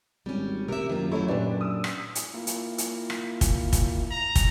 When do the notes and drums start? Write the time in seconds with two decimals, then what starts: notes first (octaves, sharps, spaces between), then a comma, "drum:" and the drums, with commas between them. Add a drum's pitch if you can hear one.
0.26 G#1 G3 C#4
0.68 C3 A#4 E5
0.90 F#2 D#3 A#3 F4
1.12 F#3 A3 D#4 E4 A4 C#5
1.28 A#2 D4 G4 B4 D5
1.61 D#6 E6
1.84 drum: rim click
2.15 drum: hi-hat
2.34 A#3 E4 F4
2.47 drum: hi-hat
2.78 drum: hi-hat
3.10 drum: rim click
3.41 drum: kick, hi-hat
3.73 drum: kick, hi-hat
4.11 A#5
4.36 drum: kick, hi-hat